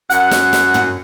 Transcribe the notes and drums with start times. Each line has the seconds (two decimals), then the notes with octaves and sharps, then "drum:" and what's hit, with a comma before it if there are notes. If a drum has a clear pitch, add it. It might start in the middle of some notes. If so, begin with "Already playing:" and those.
0.10 F#2 F#5, drum: hi-hat
0.31 drum: snare
0.53 drum: snare
0.74 drum: tom